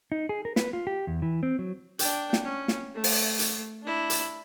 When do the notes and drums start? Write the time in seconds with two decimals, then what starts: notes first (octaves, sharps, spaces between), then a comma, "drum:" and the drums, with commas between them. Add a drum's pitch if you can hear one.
0.12 D#4
0.29 G#4
0.45 A#4
0.56 B4, drum: snare
0.73 F4
0.87 G4
1.07 E2
1.22 E3
1.43 C4
1.59 F#3
1.99 D4 G5, drum: hi-hat
2.33 drum: snare
2.44 C#4
2.68 drum: snare
2.94 A3
3.04 drum: open hi-hat
3.39 drum: hi-hat
3.83 D4 E4
4.10 drum: hi-hat